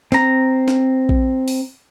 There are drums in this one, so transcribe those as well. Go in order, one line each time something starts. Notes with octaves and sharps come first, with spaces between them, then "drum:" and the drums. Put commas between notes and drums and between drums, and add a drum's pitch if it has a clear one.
C4 A#5, drum: snare
drum: snare
drum: kick A#1
drum: open hi-hat